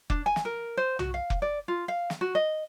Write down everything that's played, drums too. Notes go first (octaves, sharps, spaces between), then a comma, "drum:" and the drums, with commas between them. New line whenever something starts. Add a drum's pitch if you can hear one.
D4, drum: kick F1
G#5
drum: snare
A#4
C5
F#4, drum: tom B1
F5
drum: kick F1
D5
F4
F5
drum: snare
F#4
D#5